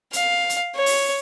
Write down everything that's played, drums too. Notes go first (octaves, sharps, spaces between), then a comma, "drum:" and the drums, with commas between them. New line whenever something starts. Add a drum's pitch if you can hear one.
F5, drum: hi-hat
drum: hi-hat
C#5
drum: open hi-hat